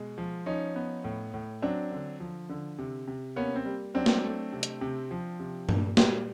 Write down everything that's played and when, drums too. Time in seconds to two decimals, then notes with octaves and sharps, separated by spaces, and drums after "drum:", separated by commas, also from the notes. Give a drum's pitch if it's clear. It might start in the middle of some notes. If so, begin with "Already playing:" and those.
Already playing: B2 G#3
0.18 F3
0.46 F3 C#4 D#4
0.76 B3
1.04 A2
1.34 A2
1.62 F#3 C4 D4
1.92 D3
2.20 F3
2.49 D3
2.79 C3
3.08 C3
3.36 A#3 B3 C#4
3.56 C4
3.65 G3
3.94 F#3 C4 D4
4.06 drum: snare
4.24 A3
4.53 C3
4.63 drum: hi-hat
4.81 C3
5.11 F3
5.40 C3
5.69 A#2, drum: tom G2
5.97 G3, drum: snare